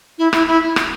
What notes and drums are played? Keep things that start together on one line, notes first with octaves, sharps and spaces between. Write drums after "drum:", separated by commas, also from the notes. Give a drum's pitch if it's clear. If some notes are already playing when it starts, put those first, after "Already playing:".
E4
E4, drum: rim click
E4
drum: rim click